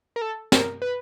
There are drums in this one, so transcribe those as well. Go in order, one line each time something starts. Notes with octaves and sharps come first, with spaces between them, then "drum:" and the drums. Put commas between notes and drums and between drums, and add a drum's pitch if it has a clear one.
A#4
A4
A#4, drum: snare
B4